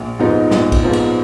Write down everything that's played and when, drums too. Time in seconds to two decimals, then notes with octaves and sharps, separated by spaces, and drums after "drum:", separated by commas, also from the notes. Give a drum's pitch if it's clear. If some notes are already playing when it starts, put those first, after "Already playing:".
Already playing: A#1
0.19 G#2 F3 B3 D#4
0.51 A#1, drum: snare
0.72 drum: kick A#1, cymbal
0.83 G#2 F3 B3 D#4
0.93 drum: cymbal